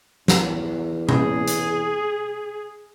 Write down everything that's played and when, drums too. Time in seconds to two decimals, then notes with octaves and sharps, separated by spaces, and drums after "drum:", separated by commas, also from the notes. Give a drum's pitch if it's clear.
0.28 E2, drum: snare
1.09 G#4, drum: tom B2
1.48 drum: hi-hat